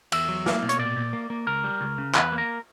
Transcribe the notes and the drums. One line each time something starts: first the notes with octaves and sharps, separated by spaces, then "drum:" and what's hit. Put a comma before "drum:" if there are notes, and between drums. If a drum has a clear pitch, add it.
E2 E5, drum: cymbal
F#3
A#3, drum: snare
B2
C#5, drum: hi-hat
A#2 D5
A#2
A#3
A#3
C#2 A#4
G3
C#2
C#3
E2 B4, drum: clap
A#3
A#4